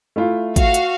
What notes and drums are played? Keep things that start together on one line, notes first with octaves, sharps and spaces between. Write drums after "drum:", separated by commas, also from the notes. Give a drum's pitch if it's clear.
A3 E4 F4
F#4 F5, drum: kick G#1, hi-hat
drum: hi-hat